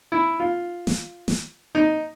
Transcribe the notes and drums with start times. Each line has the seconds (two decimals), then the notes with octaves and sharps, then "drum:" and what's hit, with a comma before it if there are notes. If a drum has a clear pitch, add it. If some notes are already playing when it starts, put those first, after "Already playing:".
0.12 E4
0.40 F4
0.87 drum: snare
1.28 drum: snare
1.75 D#4